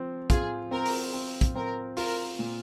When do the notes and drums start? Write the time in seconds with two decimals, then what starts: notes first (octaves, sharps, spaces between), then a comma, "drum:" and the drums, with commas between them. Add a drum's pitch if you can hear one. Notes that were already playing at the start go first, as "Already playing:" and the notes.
Already playing: F3 C4
0.30 F4 G#4, drum: kick, hi-hat
0.71 C4 A#4
0.85 drum: open hi-hat
1.13 C4
1.41 drum: kick, hi-hat
1.55 C4 A#4
1.97 F4 A#4, drum: open hi-hat
2.39 A#2